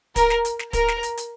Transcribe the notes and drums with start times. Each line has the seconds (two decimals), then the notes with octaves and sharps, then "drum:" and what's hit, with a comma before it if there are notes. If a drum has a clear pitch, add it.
0.16 A#4, drum: kick, hi-hat
0.30 drum: snare
0.45 drum: hi-hat
0.59 drum: snare
0.73 A#4, drum: kick, hi-hat
0.88 drum: snare
1.03 drum: hi-hat
1.17 drum: hi-hat